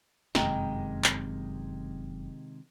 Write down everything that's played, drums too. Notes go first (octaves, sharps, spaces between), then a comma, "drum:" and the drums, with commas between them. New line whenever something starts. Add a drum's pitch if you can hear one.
F1 F#2 C3 D#3 G#3 D#5 G5 A#5, drum: snare
drum: clap